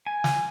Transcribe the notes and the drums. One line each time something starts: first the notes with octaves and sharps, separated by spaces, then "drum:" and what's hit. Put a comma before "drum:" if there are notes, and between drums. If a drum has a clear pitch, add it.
G#5
drum: snare